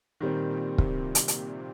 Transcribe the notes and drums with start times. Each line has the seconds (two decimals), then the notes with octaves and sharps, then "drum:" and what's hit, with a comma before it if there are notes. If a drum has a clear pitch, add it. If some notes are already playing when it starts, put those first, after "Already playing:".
0.20 A#2 D#3 G3 C4
0.50 A#2
0.78 C3, drum: kick
1.15 drum: hi-hat
1.28 drum: hi-hat